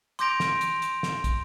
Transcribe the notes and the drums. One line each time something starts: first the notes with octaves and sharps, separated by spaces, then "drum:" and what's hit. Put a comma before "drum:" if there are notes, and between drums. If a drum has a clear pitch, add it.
C6 D6 G6 A#6 D7 F7, drum: hi-hat
drum: snare
drum: hi-hat
drum: hi-hat
drum: snare
drum: kick, hi-hat